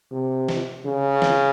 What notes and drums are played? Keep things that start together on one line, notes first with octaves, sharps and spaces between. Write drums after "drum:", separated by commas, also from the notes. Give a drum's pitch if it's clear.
C3
drum: snare
C#3
drum: snare